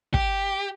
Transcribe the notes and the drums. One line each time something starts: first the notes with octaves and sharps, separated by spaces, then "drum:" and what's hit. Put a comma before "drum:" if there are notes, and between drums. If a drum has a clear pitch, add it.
G4, drum: kick